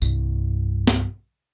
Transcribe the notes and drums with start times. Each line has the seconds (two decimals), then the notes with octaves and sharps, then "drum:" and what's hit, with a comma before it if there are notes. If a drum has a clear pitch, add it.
0.02 C2 G2, drum: tambourine
0.87 drum: snare